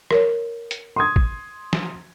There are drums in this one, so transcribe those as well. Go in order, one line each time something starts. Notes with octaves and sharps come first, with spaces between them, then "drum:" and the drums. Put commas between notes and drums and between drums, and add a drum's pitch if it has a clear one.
A#4 C#5, drum: rim click
drum: hi-hat
C6 D#6 G#6
drum: kick A1
drum: snare